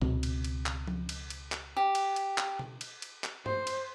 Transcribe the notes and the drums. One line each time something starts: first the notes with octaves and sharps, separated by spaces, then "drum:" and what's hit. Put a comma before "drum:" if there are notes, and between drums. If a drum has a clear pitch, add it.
C#2 B2 C4, drum: tom A#2
drum: cymbal
drum: cymbal
drum: clap
drum: tom F3
drum: cymbal
drum: cymbal
drum: clap
G4
drum: cymbal
drum: cymbal
drum: clap
drum: tom B2
drum: cymbal
drum: cymbal
drum: clap
C5, drum: tom
drum: cymbal